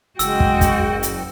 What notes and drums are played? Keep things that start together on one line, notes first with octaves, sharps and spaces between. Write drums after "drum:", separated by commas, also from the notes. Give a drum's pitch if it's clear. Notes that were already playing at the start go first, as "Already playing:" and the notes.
F#1 G#3 F#4 G5 E6, drum: hi-hat
drum: kick
drum: kick, hi-hat
drum: hi-hat